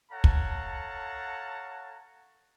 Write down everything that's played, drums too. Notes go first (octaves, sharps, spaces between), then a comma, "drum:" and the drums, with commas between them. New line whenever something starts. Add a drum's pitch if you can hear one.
A4 C#5 F5 F#5 A5 A#5
drum: kick